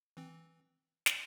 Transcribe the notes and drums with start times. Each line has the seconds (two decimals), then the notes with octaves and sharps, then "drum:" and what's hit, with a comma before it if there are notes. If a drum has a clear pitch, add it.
0.17 E3 C4
1.06 drum: snare